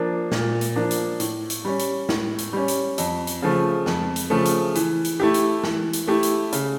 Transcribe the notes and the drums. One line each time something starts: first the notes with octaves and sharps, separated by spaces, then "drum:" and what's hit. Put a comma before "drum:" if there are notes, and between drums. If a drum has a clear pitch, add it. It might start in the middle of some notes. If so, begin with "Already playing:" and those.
Already playing: F3 A#3 D4
A#2, drum: snare
drum: hi-hat
F3 A#3 D4
drum: hi-hat
A2, drum: hi-hat
drum: hi-hat
G3 C#4
drum: hi-hat
A2, drum: snare
drum: hi-hat
G3 C#4
drum: hi-hat
F2, drum: hi-hat
drum: hi-hat
C#3 F3 A3
F2, drum: snare
drum: hi-hat
C#3 F3 A3
drum: hi-hat
E3, drum: hi-hat
drum: hi-hat
A3 E4 G4
drum: hi-hat
E3, drum: snare
drum: hi-hat
A3 E4 G4
drum: hi-hat
C#3, drum: hi-hat